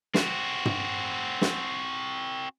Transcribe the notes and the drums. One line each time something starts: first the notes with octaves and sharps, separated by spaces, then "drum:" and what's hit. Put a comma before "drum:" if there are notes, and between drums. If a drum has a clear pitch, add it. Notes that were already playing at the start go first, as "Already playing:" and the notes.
C4 F#4, drum: snare
drum: tom
drum: snare